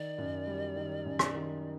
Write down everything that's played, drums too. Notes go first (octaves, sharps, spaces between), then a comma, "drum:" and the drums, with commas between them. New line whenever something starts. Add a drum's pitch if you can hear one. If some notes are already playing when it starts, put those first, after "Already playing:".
Already playing: D#3 D5
F#2
G3
D#3
F#2
drum: rim click
D#3